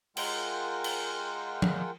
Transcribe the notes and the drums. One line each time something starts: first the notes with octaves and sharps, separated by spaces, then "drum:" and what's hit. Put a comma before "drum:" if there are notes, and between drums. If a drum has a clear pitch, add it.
G#3 F4 A#4 F#5 G5, drum: cymbal
drum: cymbal
drum: tom F3